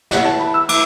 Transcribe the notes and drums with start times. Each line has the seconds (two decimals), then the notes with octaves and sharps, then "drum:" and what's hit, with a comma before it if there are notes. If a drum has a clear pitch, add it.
0.11 E3 A3 E4 F#5, drum: snare
0.25 A5
0.39 B5
0.54 E6
0.69 E3 A3 D6, drum: cymbal